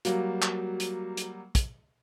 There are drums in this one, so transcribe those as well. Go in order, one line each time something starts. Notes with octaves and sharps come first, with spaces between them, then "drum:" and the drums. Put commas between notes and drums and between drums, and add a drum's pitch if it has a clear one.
F#3 G3 A#3 F#4, drum: hi-hat
drum: clap
drum: hi-hat
drum: hi-hat
drum: kick, hi-hat